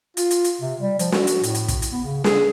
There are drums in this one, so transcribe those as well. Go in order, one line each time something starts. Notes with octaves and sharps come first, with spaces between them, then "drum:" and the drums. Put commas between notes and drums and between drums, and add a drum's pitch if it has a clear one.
F4, drum: hi-hat
drum: hi-hat
drum: hi-hat
C3
G3
F3, drum: hi-hat
F#4, drum: snare
drum: hi-hat
A2, drum: hi-hat
drum: hi-hat
drum: kick, hi-hat
drum: hi-hat
B3
C#3
G#4, drum: snare